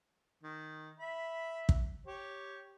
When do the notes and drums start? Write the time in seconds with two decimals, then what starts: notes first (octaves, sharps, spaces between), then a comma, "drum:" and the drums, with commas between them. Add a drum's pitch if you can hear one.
0.44 D#3
1.00 E5 B5
1.69 drum: kick
2.07 G4 C#5